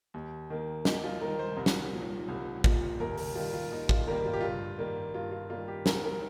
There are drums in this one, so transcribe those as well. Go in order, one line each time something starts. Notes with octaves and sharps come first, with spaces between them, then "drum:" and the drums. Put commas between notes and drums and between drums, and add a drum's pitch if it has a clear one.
D#2
D#3 A#3
D#2 D#4, drum: snare
F4
D#3 A#3 A#4
C5
C2 A#4
drum: snare
A#2 F3
C2
A#2 F3, drum: kick
D#2 A#4
A#4, drum: open hi-hat
D#3 G3 A#3 F4
F4
D#2 D#4
F4, drum: kick
D#3 G3 A#3 A#4
F4
G4
G2 F4
D#3 G3 A#3
G2 F4
F4
D#3 G3 A#3 F4
G4
C2 A#4, drum: snare
A#4